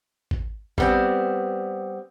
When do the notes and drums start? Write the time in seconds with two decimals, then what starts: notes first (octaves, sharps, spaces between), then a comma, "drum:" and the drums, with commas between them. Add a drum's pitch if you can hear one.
0.31 drum: kick G#1
0.78 G3 B3 C4, drum: kick G#1